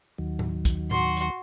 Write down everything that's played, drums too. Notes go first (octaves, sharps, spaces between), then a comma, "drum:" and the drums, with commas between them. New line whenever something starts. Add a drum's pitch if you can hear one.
D#2 D#3 F#3
drum: tom A2
drum: kick, hi-hat
F#4 C6, drum: tom A2
drum: hi-hat